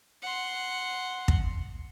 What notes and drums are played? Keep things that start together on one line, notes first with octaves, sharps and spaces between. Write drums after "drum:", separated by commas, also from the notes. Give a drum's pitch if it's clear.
F#5 C6
drum: kick